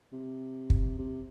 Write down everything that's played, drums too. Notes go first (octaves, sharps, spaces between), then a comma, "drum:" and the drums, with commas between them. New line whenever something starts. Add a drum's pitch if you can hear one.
C3
drum: kick
C3